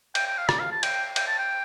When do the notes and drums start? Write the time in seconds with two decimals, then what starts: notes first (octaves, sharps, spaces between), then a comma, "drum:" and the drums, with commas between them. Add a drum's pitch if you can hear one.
0.15 G5, drum: cymbal
0.27 G5
0.38 F5
0.49 D5, drum: rim click
0.60 F5
0.72 A5
0.83 G5, drum: cymbal
1.16 G5, drum: cymbal
1.28 A5
1.39 G5